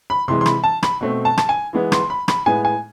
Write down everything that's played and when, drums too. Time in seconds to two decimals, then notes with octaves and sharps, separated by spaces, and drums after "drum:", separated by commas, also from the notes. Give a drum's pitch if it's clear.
0.10 B5
0.28 C3 E3 G#3 C6
0.41 C6
0.46 B5, drum: rim click
0.64 A5
0.83 B5, drum: rim click
1.01 B2 A3 C4
1.25 A5
1.38 A5, drum: rim click
1.49 G#5
1.73 E3 G#3 B3
1.92 C6, drum: rim click
2.10 B5
2.28 B5, drum: rim click
2.46 A2 G#3 B3 G#5
2.65 G#5